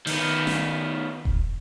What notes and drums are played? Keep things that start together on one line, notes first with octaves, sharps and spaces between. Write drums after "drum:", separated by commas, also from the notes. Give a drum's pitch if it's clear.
D#3 B3, drum: open hi-hat
drum: snare
drum: kick E1